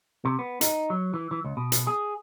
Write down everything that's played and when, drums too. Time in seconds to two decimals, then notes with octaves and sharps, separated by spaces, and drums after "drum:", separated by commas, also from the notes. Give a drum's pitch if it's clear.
0.25 C3
0.39 B3
0.61 D#4, drum: hi-hat
0.90 F#3
1.14 E3
1.31 E3
1.45 C#2
1.57 B2
1.72 drum: hi-hat
1.87 G#4